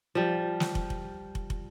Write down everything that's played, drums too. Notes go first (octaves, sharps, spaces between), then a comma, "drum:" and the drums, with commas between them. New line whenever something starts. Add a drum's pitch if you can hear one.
F3 G3
drum: snare
drum: kick
drum: kick
drum: kick
drum: kick